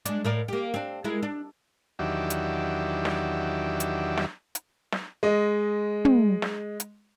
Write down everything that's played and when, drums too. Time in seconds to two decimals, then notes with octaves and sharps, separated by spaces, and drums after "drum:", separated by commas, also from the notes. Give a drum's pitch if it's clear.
0.05 G#3 D4, drum: hi-hat
0.25 A2 A#4 D5
0.48 A#3 G4
0.74 C4 D4
1.04 G#3 E4 A#4
1.23 D4
1.99 E2 D#3 F#3 D4 G4 E5
2.30 drum: hi-hat
3.05 drum: snare
3.80 drum: hi-hat
4.17 drum: snare
4.55 drum: hi-hat
4.92 drum: snare
5.23 G#3 D#5
6.05 drum: tom
6.42 drum: snare
6.80 drum: hi-hat